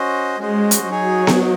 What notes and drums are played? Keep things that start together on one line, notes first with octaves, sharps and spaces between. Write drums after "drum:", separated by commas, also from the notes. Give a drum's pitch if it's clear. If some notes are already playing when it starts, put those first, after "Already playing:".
Already playing: C#4 F#4 C5 D#5
G#3 C#4 F#4 C5 D#5
drum: hi-hat
F#3 D#4 G#4 C#5 G#5
drum: snare B3
D#4